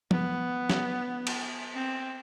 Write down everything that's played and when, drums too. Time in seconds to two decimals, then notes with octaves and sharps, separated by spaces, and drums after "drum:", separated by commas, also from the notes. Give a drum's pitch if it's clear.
0.11 B3, drum: tom F3
0.70 drum: snare
1.27 drum: cymbal
1.75 C4